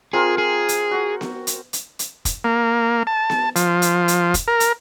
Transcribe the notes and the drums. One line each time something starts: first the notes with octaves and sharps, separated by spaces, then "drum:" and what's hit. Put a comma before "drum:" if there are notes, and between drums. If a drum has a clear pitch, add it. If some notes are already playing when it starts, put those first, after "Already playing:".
C4 F4 G#4 A#4
G#4
drum: hi-hat
F#4 F#5
drum: snare B3
drum: hi-hat
drum: hi-hat
drum: hi-hat
drum: kick, hi-hat
A#3
A5
drum: snare B3
F3, drum: hi-hat
drum: hi-hat
drum: hi-hat
drum: kick, hi-hat
A#4
drum: hi-hat